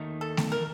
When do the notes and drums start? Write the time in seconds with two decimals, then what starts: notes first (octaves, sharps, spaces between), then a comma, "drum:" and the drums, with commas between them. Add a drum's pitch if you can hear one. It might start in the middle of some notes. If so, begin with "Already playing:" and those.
Already playing: D#2 D#3 A3 D#4
0.21 A4
0.37 drum: snare A3
0.52 A#4